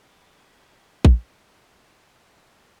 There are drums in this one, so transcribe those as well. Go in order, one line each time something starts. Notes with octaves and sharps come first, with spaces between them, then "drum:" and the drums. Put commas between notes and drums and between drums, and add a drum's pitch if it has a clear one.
D5 G5
drum: kick A#1